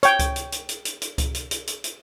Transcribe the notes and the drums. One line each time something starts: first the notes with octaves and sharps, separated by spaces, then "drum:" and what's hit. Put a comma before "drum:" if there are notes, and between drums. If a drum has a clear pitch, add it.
C#5 G5, drum: hi-hat
drum: kick C#2, hi-hat
drum: hi-hat
drum: hi-hat
drum: hi-hat
drum: hi-hat
drum: hi-hat
drum: kick C#2, hi-hat
drum: hi-hat
drum: hi-hat
drum: hi-hat
drum: hi-hat